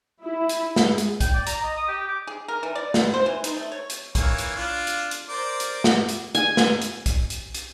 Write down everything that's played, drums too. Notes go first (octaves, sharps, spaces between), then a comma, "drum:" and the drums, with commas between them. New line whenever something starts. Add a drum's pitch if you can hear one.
E4
drum: hi-hat
G#3, drum: snare
drum: hi-hat
G5, drum: kick B1, hi-hat
D5
A#5, drum: hi-hat
D#5
D#6
G4
D6
G#4
A#4
E3
D5
B2, drum: snare
C5
E3
D#4, drum: hi-hat
A3
C#5
drum: hi-hat
E3 A#3 C#5, drum: kick B1, hi-hat
drum: hi-hat
D4 F4
drum: hi-hat
drum: hi-hat
A#4 C5 D5
drum: hi-hat
drum: snare
drum: hi-hat
G#5, drum: hi-hat
drum: snare
drum: hi-hat
drum: kick B1, hi-hat
drum: hi-hat
drum: hi-hat